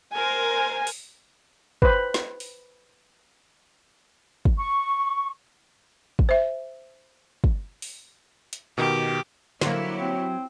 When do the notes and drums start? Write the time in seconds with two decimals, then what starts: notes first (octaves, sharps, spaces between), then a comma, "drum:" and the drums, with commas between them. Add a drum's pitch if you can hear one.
0.14 A#4 C5 G#5
0.87 drum: open hi-hat
1.82 B4 C5, drum: kick
2.14 drum: snare
2.40 drum: open hi-hat
4.45 drum: kick
4.59 C#6
6.19 drum: kick
6.29 C5 E5
7.44 drum: kick
7.82 drum: open hi-hat
8.53 drum: hi-hat
8.78 B2 D#3 G4
9.61 D3 F#3 A#3 E4 F#4 G4 C5, drum: snare
9.98 C4